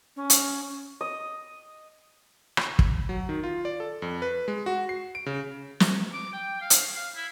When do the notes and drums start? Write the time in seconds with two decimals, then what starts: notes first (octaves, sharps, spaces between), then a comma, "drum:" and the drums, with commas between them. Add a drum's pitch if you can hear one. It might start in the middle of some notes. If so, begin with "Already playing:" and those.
0.16 C#4
0.30 drum: hi-hat
1.01 D#5
2.57 drum: rim click
2.79 drum: kick
3.09 F#3
3.29 D#3
3.43 F4
3.65 D5
3.80 A4
4.02 F2
4.22 B4
4.48 G#3
4.66 F#4
4.89 C7
5.15 D7
5.26 C#3
5.80 drum: snare
6.13 D6
6.33 G5
6.61 F5
6.70 drum: hi-hat
6.95 F5
7.16 E4